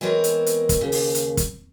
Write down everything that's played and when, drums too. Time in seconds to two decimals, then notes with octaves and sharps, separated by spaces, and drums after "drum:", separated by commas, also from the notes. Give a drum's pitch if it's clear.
0.01 E3 G#3 B3 C4 A#4 C#5
0.24 drum: hi-hat
0.46 drum: hi-hat
0.69 drum: kick, hi-hat
0.81 D#2 C#3
0.92 drum: open hi-hat
1.15 drum: hi-hat
1.37 drum: kick, hi-hat